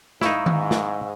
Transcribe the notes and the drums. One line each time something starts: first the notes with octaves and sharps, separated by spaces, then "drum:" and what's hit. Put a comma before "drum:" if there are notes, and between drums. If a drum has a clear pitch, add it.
G#2 D#4 E4 F5 C#6 E6, drum: snare
drum: tom D#3
drum: snare